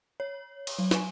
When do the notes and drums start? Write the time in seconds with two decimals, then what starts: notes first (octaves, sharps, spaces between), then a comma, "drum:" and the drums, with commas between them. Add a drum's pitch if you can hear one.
0.20 C#5
0.67 drum: cymbal
0.79 F#3
0.91 G#5 C#6 E7, drum: snare